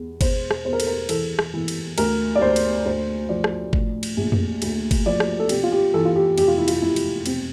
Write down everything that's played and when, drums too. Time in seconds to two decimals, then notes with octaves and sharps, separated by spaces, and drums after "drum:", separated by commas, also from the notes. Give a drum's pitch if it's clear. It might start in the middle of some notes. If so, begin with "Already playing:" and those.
Already playing: E2
0.21 E1 C5, drum: kick G1, cymbal
0.51 drum: rim click
0.65 E2 C5
0.73 A#4
0.80 A4, drum: cymbal
0.87 A#4
1.09 E3 A4, drum: cymbal
1.39 drum: rim click
1.53 E3
1.68 drum: cymbal
1.98 D2 A#4, drum: cymbal
2.35 D5
2.42 D2 C5
2.56 drum: cymbal
2.85 D2 C5
3.29 F3 D5
3.44 drum: rim click
3.73 A2, drum: kick G1
4.03 drum: cymbal
4.17 A#1
4.32 drum: tom F2
4.62 D2, drum: cymbal
4.91 drum: kick G1, cymbal
5.06 F3 D5
5.20 drum: rim click
5.40 A4
5.49 C3 G4, drum: cymbal
5.63 F4
5.72 G4
5.94 E3 A4
6.05 F4
6.16 G4
6.38 F1 G4, drum: cymbal
6.48 F4
6.58 E4
6.68 F4, drum: cymbal
6.82 F1 E4
6.96 drum: cymbal
7.26 E1 C4, drum: cymbal